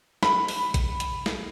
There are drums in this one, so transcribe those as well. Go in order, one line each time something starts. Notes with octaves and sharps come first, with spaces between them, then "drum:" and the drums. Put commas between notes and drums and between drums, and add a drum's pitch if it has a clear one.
B5, drum: snare
drum: open hi-hat
drum: kick A1, hi-hat
drum: hi-hat
drum: snare